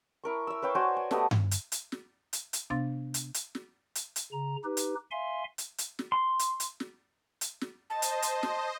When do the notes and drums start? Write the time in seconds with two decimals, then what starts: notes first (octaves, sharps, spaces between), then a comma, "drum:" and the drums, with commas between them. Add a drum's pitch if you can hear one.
0.24 E4 A#4 C#6
0.47 E5 E6
0.62 B4 C#5 F5 G5
0.75 F#4 C5 D5 G#5
0.96 G#5
1.11 A3 B3 G4 D#5, drum: snare
1.31 drum: tom G2
1.51 drum: hi-hat
1.72 drum: hi-hat
1.92 drum: snare
2.33 drum: hi-hat
2.53 drum: hi-hat
2.70 C3 B3 D4 F5 C6 A6
3.14 drum: hi-hat
3.34 drum: hi-hat
3.55 drum: snare
3.95 drum: hi-hat
4.16 drum: hi-hat
4.32 C#3 A#5
4.64 D#4 G4 B4
4.77 drum: hi-hat
5.11 E5 F5 G#5 C6
5.58 drum: hi-hat
5.78 drum: hi-hat
5.99 drum: snare
6.12 C6
6.39 drum: hi-hat
6.60 drum: hi-hat
6.80 drum: snare
7.41 drum: hi-hat
7.61 drum: snare
7.90 C5 D#5 A5
8.02 drum: hi-hat
8.22 drum: hi-hat
8.43 drum: snare